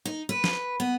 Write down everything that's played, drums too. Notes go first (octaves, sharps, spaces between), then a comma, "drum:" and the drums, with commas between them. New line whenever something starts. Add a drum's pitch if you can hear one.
D#4
B4
drum: snare
B3